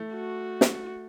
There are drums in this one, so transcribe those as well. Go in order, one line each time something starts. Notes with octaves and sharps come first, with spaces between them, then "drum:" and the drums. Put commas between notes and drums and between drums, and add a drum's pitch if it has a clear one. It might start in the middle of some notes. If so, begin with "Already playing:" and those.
Already playing: A3
F#4
drum: snare